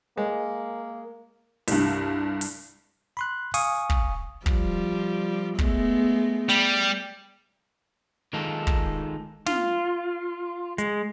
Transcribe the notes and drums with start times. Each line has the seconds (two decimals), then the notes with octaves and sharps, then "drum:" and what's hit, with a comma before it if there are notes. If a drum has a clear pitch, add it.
0.17 G#3 A#3
1.68 C2 G2, drum: open hi-hat
2.41 drum: open hi-hat
3.17 B5 C6 F#6
3.54 F5 G#5 C#6 D#6, drum: open hi-hat
3.90 drum: kick
4.46 F3 G3, drum: kick
5.59 G#3 A3 B3, drum: kick
6.49 G3, drum: hi-hat
8.33 D#3 G#3 D#4 F4 A4
8.67 drum: kick
9.46 F4, drum: snare
10.78 G#3, drum: hi-hat